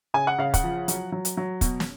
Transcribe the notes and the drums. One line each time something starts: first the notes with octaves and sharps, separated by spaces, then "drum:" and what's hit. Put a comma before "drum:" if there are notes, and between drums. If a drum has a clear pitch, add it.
C#3 G#5
F#5
C#3 F5
F#5, drum: kick, hi-hat
F3
F#3, drum: hi-hat
F#3
drum: hi-hat
F#3
B2, drum: kick, hi-hat
drum: snare